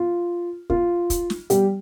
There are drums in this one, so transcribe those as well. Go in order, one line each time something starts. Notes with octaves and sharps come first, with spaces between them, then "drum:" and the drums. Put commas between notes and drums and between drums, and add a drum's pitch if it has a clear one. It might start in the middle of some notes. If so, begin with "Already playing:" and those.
Already playing: F4
F4, drum: kick
drum: kick, hi-hat
drum: snare
G3 G4, drum: hi-hat